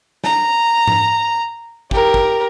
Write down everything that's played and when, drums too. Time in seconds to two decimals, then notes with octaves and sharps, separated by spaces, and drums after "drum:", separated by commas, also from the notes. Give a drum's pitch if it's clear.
0.24 A#5, drum: snare
0.88 drum: tom G#2
1.91 G4 A#4, drum: kick
2.14 drum: kick